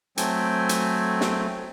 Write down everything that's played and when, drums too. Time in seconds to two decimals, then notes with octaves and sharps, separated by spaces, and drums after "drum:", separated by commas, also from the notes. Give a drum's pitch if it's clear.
0.17 F#3 A3 C4 A4 G5 G#5, drum: hi-hat
0.69 drum: hi-hat
1.21 drum: snare